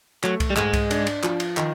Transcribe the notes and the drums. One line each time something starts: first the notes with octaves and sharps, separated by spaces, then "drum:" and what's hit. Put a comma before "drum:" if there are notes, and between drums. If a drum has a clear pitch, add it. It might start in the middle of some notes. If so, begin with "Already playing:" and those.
F#3 A3, drum: clap
drum: kick C2, cymbal
G3
G#2 G#3, drum: clap
drum: kick C2, cymbal
D4, drum: cymbal
drum: cymbal
F3, drum: clap
drum: cymbal
D#3, drum: clap